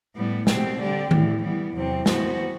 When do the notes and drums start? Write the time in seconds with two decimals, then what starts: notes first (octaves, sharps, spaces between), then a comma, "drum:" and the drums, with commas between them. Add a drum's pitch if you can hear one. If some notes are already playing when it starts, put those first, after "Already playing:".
0.15 A2 G3 B3
0.47 B2 A3 C4 G4, drum: snare
0.79 D3 G3 D4 G4
1.11 A2 E3 A3, drum: tom D#3
1.42 E3 G3 B3
1.74 E2 C3 F#3 C4
2.06 E3 B3 F#4 C5, drum: snare